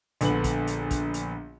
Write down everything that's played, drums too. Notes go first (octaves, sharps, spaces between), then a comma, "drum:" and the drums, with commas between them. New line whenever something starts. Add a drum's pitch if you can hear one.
A#1 D3 B3 F#7, drum: hi-hat
drum: kick, hi-hat
drum: hi-hat
drum: kick, hi-hat
drum: hi-hat